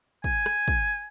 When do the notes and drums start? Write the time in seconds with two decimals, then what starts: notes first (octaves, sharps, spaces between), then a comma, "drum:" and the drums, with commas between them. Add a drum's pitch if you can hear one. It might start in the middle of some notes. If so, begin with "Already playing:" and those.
0.24 G#5, drum: kick
0.46 drum: rim click
0.68 drum: kick